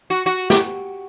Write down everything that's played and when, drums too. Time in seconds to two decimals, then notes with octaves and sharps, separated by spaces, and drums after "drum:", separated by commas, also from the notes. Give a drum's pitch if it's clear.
0.10 F#4
0.26 F#4
0.50 G4, drum: snare